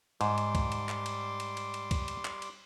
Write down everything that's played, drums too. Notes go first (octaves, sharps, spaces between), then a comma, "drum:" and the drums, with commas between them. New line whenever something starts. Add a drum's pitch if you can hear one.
G#2 G3 C6 D6, drum: cymbal
drum: cymbal
drum: kick, cymbal
drum: cymbal
drum: clap
drum: cymbal
drum: cymbal
drum: cymbal
drum: cymbal
drum: kick, cymbal
drum: cymbal
drum: clap
drum: cymbal